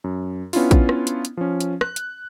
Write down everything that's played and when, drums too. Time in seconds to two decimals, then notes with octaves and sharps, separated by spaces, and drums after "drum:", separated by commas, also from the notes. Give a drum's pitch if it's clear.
0.04 F#2
0.53 B3 C#4 D4 E4 F4, drum: open hi-hat
0.71 drum: kick, hi-hat
0.89 drum: rim click
1.07 drum: hi-hat
1.25 drum: hi-hat
1.37 F3 C#4
1.60 drum: hi-hat
1.81 F#6, drum: rim click
1.96 drum: hi-hat